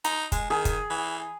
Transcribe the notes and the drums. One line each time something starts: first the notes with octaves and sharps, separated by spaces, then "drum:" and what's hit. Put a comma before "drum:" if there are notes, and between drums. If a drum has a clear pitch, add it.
D#4, drum: hi-hat
G#3, drum: kick, hi-hat
D#3 G#4
drum: kick, hi-hat
E3